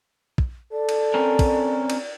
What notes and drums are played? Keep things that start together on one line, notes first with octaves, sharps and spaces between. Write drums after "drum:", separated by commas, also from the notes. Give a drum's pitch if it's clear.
drum: kick
A4 D5
drum: cymbal
C4 C#4 A#4
drum: kick, cymbal
drum: cymbal